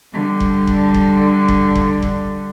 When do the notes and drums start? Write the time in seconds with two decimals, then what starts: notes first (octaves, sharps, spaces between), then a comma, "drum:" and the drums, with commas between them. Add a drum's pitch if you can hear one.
0.13 D3 G3
0.40 drum: kick F#1
0.67 drum: kick F#1
0.94 drum: kick F#1
1.48 drum: kick F#1
1.75 drum: kick F#1
2.02 drum: kick F#1